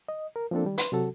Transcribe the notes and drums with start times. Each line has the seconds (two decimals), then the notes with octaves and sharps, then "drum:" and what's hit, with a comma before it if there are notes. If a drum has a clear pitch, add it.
0.09 D#5
0.36 A#4
0.51 F3 A#3 C4 D4 A4
0.65 D#3 G3
0.78 B4 C6, drum: hi-hat
0.92 C3 F#3 F#4 A4